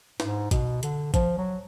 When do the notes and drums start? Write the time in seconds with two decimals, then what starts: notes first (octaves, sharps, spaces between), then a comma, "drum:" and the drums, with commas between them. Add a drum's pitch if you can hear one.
0.20 G#2, drum: snare
0.51 B2, drum: kick G#1, hi-hat
0.83 D3, drum: hi-hat
1.14 F3, drum: kick G#1, hi-hat
1.38 F#3